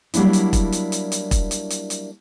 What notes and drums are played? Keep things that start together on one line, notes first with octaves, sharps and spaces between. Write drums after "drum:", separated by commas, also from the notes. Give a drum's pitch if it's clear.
F#3 G3 A#3 D4 E4, drum: hi-hat
drum: hi-hat
drum: kick E1, hi-hat
drum: hi-hat
drum: hi-hat
drum: hi-hat
drum: kick E1, hi-hat
drum: hi-hat
drum: hi-hat
drum: hi-hat